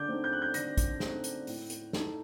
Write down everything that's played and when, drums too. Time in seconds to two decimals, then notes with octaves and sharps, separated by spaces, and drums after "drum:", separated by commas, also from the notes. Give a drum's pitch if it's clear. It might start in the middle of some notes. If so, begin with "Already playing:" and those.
Already playing: D3 D6 G6
0.08 A3 C4 D#4
0.24 G6
0.33 F#6
0.42 G6
0.54 D3 A#6, drum: hi-hat
0.77 drum: kick, hi-hat
1.00 A3 C4 D#4, drum: snare
1.24 drum: hi-hat
1.47 A2, drum: open hi-hat
1.70 drum: hi-hat
1.93 A3 D#4, drum: snare